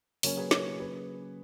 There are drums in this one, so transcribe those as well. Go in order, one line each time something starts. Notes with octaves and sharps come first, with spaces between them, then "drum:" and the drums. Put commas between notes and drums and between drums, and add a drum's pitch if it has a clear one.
C#3 F#3 A#3 C#4 A#4 C#5, drum: open hi-hat
G#4 B4
A#4 C#5, drum: snare
G#4 B4